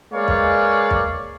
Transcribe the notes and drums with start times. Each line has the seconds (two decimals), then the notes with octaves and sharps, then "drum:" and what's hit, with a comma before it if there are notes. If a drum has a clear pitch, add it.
0.12 G#3 A#3 B4 C#5 D5 F5
0.28 drum: kick
0.91 drum: kick